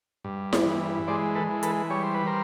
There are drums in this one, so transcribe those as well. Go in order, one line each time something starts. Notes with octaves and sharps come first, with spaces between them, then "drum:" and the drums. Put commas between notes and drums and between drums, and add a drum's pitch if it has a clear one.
G2
drum: snare E4
E3
G#3 C5 D5
A4 B4
E3
A4 B4, drum: hi-hat
G3 C#5
C5
B4
A#4 C5